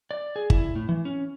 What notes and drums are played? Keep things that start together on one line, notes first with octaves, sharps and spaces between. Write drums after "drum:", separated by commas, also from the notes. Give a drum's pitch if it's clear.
D5
G#4
E4, drum: kick G1
A2
E3
C#4